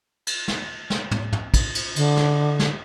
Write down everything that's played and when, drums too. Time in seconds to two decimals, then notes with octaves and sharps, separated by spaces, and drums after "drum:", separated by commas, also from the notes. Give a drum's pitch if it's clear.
0.27 drum: cymbal
0.48 drum: snare
0.90 drum: snare
1.11 drum: tom
1.32 drum: tom
1.54 drum: kick, cymbal
1.75 drum: cymbal
1.96 D3, drum: cymbal
2.17 drum: snare
2.59 drum: snare